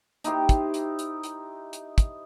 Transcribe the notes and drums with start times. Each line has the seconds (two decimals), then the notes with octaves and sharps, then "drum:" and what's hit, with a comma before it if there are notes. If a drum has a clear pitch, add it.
0.24 D#4 E4 G4 C5, drum: hi-hat
0.49 drum: kick, hi-hat
0.74 drum: hi-hat
0.99 drum: hi-hat
1.23 drum: hi-hat
1.73 drum: hi-hat
1.98 drum: kick, hi-hat